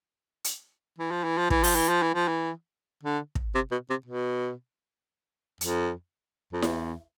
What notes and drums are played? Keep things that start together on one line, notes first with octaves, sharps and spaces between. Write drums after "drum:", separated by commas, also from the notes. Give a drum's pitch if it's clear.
drum: hi-hat
E3
F3
E3
F3
E3, drum: kick
F3, drum: open hi-hat
E3
F3
E3
F3
E3
D3
drum: kick
C3
B2
C3
B2
F2, drum: hi-hat
F2
E2, drum: snare E4